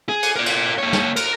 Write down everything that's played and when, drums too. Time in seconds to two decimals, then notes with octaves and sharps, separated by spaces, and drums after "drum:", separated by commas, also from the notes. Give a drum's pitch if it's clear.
0.09 G#4
0.23 drum: cymbal
0.36 A#4 D5
0.46 drum: cymbal
0.78 A#3 C#5
0.93 drum: snare
1.16 A#4, drum: cymbal